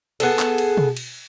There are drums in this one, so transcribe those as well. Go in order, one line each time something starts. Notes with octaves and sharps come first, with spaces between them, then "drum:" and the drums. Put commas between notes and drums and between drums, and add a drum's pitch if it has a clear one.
B3 G#4 A4, drum: cymbal
drum: clap
drum: cymbal
drum: tom B2
drum: cymbal